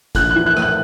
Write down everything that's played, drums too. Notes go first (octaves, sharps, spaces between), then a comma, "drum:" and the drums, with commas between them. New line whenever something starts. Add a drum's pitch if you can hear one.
A#1 F#6, drum: kick, hi-hat
E3 F#6
F#6
A2, drum: rim click
F#6